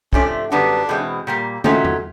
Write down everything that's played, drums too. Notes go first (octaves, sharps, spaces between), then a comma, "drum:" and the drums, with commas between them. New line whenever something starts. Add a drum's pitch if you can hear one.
C3 F3 A3 C#4 D4, drum: kick
F#2 D3 G3 B3 D4
E2 B2 G#3 C4
A#2 G3 A#3
D#3 F#3 A3 C#4 F4, drum: tom
drum: tom E2